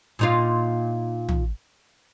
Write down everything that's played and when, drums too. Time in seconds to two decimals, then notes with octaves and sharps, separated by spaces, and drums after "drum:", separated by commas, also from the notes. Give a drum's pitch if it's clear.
0.19 A#2 D#4 F4
1.29 drum: tom